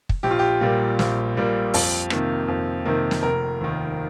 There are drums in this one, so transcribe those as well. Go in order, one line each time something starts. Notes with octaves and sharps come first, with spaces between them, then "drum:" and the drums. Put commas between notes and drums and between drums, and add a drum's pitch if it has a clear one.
drum: kick
A#1 G4
F4
G4
A#2 G3 A#3
A#1, drum: snare
A#2 G3 A#3
F2, drum: open hi-hat
C3 D#3 A#3, drum: rim click
F2
C3 D#3 A#3
drum: snare
F1 A#4
D#2 D#3